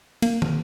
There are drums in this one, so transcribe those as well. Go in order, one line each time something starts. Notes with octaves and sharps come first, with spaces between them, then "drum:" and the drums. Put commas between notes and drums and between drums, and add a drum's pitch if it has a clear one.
A#3, drum: cymbal
drum: tom